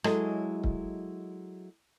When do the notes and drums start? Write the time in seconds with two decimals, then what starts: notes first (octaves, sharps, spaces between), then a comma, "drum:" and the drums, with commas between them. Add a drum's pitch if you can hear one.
0.04 F#3 G#3 E4 A4 D#5, drum: rim click
0.64 drum: kick C#1